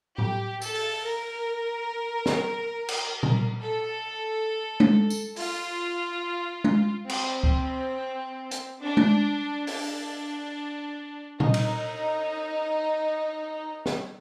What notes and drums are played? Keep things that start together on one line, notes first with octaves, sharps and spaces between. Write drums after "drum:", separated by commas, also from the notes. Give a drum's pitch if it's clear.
G4, drum: tom A2
A4, drum: tambourine
drum: open hi-hat
A#4
drum: snare
drum: cymbal
drum: tom A#2
A4
drum: tom G#3
drum: tambourine
F4, drum: open hi-hat
drum: tom G#3
C4, drum: cymbal
drum: kick C#2
drum: hi-hat
D4
drum: tom G#3
D4, drum: open hi-hat
D#4, drum: tom A#2
drum: cymbal
drum: snare